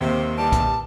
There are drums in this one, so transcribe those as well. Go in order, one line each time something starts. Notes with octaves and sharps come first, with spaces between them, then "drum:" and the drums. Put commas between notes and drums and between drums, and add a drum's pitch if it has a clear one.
D#2 C3 C4
E3 G3 A5
drum: kick, hi-hat